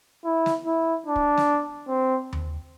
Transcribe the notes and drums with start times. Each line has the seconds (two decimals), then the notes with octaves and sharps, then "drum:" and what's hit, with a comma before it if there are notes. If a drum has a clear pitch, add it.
0.25 E4
0.46 drum: snare
0.66 E4
1.06 D4
1.16 drum: kick
1.38 drum: snare
1.88 C4
2.33 drum: tom D#2